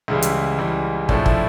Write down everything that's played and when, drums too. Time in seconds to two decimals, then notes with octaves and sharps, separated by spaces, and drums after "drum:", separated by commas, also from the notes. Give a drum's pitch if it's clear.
0.08 C#2 C#3 E3 G3 E4
0.22 drum: hi-hat
0.59 C#2 C#3 E3 G3
1.09 A2 F3 A3 D4, drum: kick
1.26 E4, drum: kick